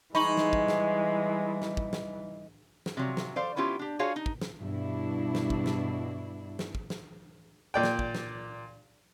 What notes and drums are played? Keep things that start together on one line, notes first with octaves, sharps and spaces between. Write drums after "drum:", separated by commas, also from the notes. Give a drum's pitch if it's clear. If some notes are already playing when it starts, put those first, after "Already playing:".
E3 G3 G#3 D#4 B5 C#6 F#7
drum: snare
drum: kick
drum: snare
drum: snare
drum: kick
drum: snare
drum: snare
C3 F3 F#3
drum: snare
A4 C5 D5 F5
B3 C#4 E4 F4 G4
D4 G4
F4 F#4 G#4 C#5 F5
D#4
drum: kick
drum: snare
G2 B2 D4 E4
drum: snare
drum: kick
drum: snare
drum: snare
drum: kick
drum: snare
A#2 D5 G5
drum: snare
drum: kick
drum: snare